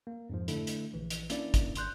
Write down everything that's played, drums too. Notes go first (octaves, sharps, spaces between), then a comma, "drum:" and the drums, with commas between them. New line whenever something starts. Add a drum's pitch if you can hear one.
A#3
F2 G#2 F3
D3 A3 E4, drum: hi-hat
drum: hi-hat
A#1 E3
drum: hi-hat
A#3 C#4 D4 E4 D5, drum: hi-hat
drum: kick, hi-hat
G#1 C6 F#6 G6, drum: hi-hat